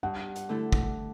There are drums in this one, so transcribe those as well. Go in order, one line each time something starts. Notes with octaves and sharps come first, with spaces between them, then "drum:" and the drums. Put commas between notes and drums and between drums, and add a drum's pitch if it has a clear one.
G2 F#5
drum: hi-hat
D3 A3 E4 A4
drum: kick